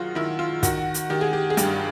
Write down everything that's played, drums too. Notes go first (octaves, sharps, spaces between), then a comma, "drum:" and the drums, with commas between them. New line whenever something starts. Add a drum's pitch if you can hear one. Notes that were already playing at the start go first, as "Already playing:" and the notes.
Already playing: D#3 F#3 F4 F#4 G#4
D#3 E4
F4
D#3 F#4, drum: kick, hi-hat
drum: hi-hat
D#3 G4
G#4
G4
G#4
G2 G4, drum: hi-hat